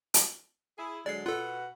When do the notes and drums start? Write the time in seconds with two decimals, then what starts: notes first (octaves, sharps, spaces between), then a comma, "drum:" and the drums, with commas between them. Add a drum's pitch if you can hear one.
0.14 drum: hi-hat
0.78 E4 G#4
1.06 D3 F#3 G#3 D5 C7
1.26 B2 F4 A4 F#5